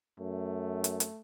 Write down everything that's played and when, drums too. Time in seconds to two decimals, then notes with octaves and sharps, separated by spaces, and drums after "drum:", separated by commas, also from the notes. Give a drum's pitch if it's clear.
0.19 F#2 A3
0.84 drum: hi-hat
1.00 drum: hi-hat